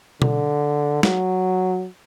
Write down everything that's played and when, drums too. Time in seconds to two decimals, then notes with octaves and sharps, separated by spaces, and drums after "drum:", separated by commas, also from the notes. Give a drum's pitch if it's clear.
0.22 D3, drum: tom B2
1.03 F#3, drum: snare